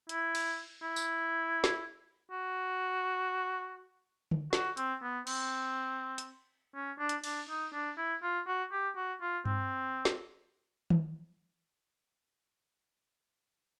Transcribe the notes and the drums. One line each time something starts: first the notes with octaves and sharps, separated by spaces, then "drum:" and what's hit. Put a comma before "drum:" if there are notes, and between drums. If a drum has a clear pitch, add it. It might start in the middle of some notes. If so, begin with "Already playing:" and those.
E4, drum: hi-hat
drum: cymbal
E4
drum: tambourine
drum: snare
F#4
drum: tom D3
F#4, drum: snare
C4, drum: hi-hat
B3
C4, drum: cymbal
drum: hi-hat
C#4
D4
drum: hi-hat
D4, drum: cymbal
D#4
D4
E4
F4
F#4
G4
F#4
F4
C4, drum: tom G2
drum: snare
drum: tom D#3